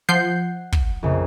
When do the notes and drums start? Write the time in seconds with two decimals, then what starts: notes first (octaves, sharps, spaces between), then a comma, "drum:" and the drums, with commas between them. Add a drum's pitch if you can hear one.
0.09 F3 F#5 G6 G#6 C7
0.72 drum: kick
1.03 A#1 F2 C#3